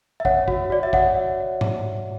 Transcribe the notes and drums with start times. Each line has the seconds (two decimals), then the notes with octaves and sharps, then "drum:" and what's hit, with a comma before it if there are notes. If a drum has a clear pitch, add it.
0.20 E5
0.25 C#5 F#5, drum: kick
0.48 F#4, drum: kick
0.70 F#4 D5
0.83 E5
0.93 C#5 F#5, drum: kick
1.61 drum: tom G#2